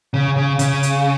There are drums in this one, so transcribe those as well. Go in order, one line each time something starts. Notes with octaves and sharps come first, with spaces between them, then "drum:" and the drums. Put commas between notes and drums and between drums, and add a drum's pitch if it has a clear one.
C#3
C#3
C#3, drum: hi-hat
drum: hi-hat